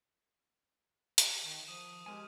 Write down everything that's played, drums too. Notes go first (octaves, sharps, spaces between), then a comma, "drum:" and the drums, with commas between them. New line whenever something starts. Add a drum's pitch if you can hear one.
drum: hi-hat
D#3
F3 D#6 D#7 E7
G#3 G4 A#4 G#5